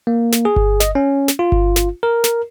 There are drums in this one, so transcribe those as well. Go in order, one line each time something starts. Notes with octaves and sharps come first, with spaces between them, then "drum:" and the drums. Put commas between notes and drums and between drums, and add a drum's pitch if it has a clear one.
A#3
drum: snare
G#4
drum: kick G1
D#5, drum: snare
C#4
drum: snare
F4
drum: kick G1
drum: snare
A#4
drum: snare